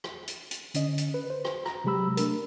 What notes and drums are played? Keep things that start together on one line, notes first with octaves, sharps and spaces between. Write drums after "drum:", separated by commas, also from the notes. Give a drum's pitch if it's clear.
drum: rim click
drum: hi-hat
drum: hi-hat
D3 C#4 D#5, drum: hi-hat
drum: hi-hat
B4
C5
drum: rim click
A#5, drum: rim click
C3 F#3 G#3 G4 B5 E6
A3 D4 A#4, drum: hi-hat